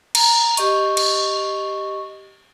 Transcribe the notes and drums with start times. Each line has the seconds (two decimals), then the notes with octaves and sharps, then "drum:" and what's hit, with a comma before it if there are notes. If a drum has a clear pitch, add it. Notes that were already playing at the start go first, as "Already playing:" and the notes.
0.15 A#5, drum: cymbal
0.57 G4 D#5 C#6, drum: hi-hat
0.97 drum: cymbal